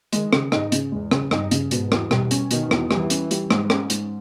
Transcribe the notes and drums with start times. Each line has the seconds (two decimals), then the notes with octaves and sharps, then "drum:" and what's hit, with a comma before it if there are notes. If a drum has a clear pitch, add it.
0.12 D#3 G#3, drum: hi-hat
0.33 C#3, drum: rim click
0.52 G#2 D#4, drum: rim click
0.72 C#3, drum: hi-hat
0.92 E2 G#3
1.11 C#3, drum: rim click
1.31 G2 D#4, drum: rim click
1.51 C#3, drum: hi-hat
1.71 G#2 B2, drum: hi-hat
1.92 E2, drum: rim click
2.11 B2 G3, drum: rim click
2.31 C#4, drum: hi-hat
2.51 B2 D#3, drum: hi-hat
2.71 E2, drum: rim click
2.91 E3 G3, drum: rim click
3.10 C#4, drum: hi-hat
3.31 G3, drum: hi-hat
3.51 G#2, drum: rim click
3.70 C#4, drum: rim click
3.90 G#2, drum: hi-hat